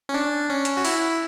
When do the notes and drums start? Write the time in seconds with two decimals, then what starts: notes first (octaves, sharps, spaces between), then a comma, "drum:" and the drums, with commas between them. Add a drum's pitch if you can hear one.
0.09 C#4
0.14 D4
0.49 C#4
0.65 drum: hi-hat
0.77 F#4
0.85 E4, drum: open hi-hat